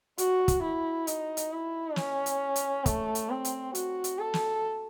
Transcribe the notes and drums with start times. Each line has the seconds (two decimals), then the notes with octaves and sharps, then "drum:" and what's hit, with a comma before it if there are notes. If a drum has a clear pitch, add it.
0.18 F#4, drum: hi-hat
0.48 drum: kick, hi-hat
0.63 E4
1.07 D#4, drum: hi-hat
1.37 drum: hi-hat
1.52 E4
1.96 C#4, drum: snare
2.26 drum: hi-hat
2.56 drum: hi-hat
2.86 A3, drum: kick, hi-hat
3.15 drum: hi-hat
3.30 C4
3.45 drum: hi-hat
3.75 F#4, drum: hi-hat
4.04 drum: hi-hat
4.18 A4
4.34 drum: snare